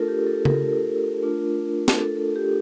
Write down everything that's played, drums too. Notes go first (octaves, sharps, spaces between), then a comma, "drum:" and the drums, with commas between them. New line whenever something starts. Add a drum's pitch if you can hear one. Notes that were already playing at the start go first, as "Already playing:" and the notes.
Already playing: A3 D4 F4 A4 A#4
G4
A4
A#4, drum: tom C#3
A3 D4 F4
drum: snare
A4
A4
G4